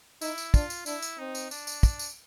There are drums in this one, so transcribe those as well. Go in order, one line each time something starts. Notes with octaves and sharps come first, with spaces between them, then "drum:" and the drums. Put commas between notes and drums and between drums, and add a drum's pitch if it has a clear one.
D#4 E4, drum: tambourine
drum: tambourine
D4 F4, drum: kick, tambourine
drum: tambourine
D4 E4, drum: tambourine
drum: tambourine
C4 D#4
drum: tambourine
D4, drum: tambourine
drum: tambourine
drum: kick, tambourine
drum: tambourine